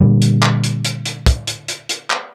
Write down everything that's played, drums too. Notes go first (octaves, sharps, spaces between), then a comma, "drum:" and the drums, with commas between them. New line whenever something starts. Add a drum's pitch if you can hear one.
A#2 D3 G3
drum: hi-hat
drum: clap
drum: hi-hat
drum: hi-hat
drum: hi-hat
drum: kick, hi-hat
drum: hi-hat
drum: hi-hat
drum: hi-hat
drum: clap